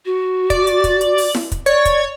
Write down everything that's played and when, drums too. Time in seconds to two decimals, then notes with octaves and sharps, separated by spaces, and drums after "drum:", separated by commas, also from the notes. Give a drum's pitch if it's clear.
0.05 F#4
0.50 D5, drum: kick, hi-hat
0.67 drum: hi-hat
0.84 drum: kick, hi-hat
1.01 drum: hi-hat
1.18 drum: open hi-hat
1.35 drum: snare E4
1.52 drum: kick, hi-hat
1.66 C#5 D5, drum: hi-hat
1.85 drum: kick, hi-hat